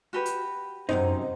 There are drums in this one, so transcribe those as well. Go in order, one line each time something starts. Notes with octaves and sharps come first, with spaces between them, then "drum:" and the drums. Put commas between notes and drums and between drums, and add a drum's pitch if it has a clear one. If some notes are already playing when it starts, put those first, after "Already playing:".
F#4 G4 B4
drum: hi-hat
F#2 C3 D#4 C5 D#5, drum: tom F#2